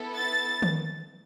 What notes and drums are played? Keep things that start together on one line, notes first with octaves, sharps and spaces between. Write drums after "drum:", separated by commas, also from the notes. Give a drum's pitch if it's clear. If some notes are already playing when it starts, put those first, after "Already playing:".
Already playing: B3 E4 A4
A6
drum: tom D#3